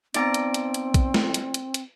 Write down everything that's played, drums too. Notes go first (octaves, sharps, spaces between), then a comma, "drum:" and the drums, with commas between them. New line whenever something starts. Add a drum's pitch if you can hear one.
B3 C4 D#4 D5 A5 A#5 D7, drum: hi-hat
drum: hi-hat
drum: hi-hat
drum: hi-hat
drum: kick, hi-hat
drum: snare
drum: hi-hat
drum: hi-hat
drum: hi-hat